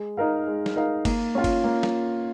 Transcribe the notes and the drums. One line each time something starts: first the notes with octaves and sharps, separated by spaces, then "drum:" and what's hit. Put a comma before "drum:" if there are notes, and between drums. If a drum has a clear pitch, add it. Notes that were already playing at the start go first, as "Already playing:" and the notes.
Already playing: G#3
D#4 A#4 F5
G#3
drum: snare
D#4 A#4 F5
A#3, drum: kick G1, cymbal
C#4 F4
drum: kick G1, cymbal
A#3
drum: snare